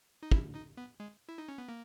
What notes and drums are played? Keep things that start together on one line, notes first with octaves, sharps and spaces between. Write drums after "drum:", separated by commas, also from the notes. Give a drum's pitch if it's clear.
D#4
E4, drum: kick
D#4
B3
G#3
E4
D#4
C#4
B3
A#3